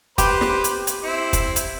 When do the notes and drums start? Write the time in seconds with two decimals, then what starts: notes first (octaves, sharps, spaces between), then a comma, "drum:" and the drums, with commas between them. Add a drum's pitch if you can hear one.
0.18 G4 B4 C5, drum: kick, hi-hat
0.41 drum: snare
0.64 drum: hi-hat
0.87 drum: hi-hat
1.04 C4 E4
1.33 drum: kick, hi-hat
1.56 drum: hi-hat